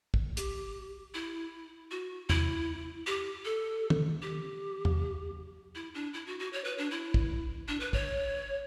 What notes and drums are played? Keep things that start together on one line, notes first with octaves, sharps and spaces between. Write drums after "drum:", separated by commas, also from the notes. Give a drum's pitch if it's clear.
drum: kick
G4, drum: hi-hat
E4
F#4
E4, drum: tom E2
G4
A4
drum: tom
G4
drum: tom E2
E4
D4
E4
F#4
F#4
C#5
B4
D4
E4
drum: kick
D4
B4
C#5, drum: kick